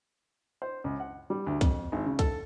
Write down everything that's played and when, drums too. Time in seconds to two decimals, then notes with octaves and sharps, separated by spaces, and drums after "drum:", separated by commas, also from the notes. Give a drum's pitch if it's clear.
0.62 C5
0.84 C#2
1.00 F#5
1.30 G3
1.47 D2
1.61 F2, drum: kick, hi-hat
1.92 G#1
2.06 C#3
2.19 A4, drum: kick, hi-hat